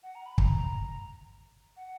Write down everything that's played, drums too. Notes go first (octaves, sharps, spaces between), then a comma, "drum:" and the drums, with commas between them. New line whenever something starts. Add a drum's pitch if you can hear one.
F#5
A#5
B5
A#5, drum: kick
F#5